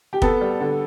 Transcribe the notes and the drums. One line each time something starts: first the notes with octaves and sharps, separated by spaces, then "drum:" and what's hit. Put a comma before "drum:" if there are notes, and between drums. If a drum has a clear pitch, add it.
G4
B3 A4, drum: kick
G3
D3